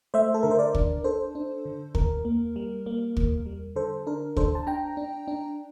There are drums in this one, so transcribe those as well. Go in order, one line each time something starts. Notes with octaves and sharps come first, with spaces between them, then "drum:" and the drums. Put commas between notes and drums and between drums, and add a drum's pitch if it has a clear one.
A3 C5 E5
A4
D3 A#4
C5
A#4 D5
D4, drum: kick
D4 A4 C5
D4
D3
E2 A#4, drum: kick
A#3
G3
A#3
E2, drum: kick
G3
D3 A4 C5
D4 A#4
D4 A4 C5, drum: kick
A5
D4 G5 A#5
D4
D4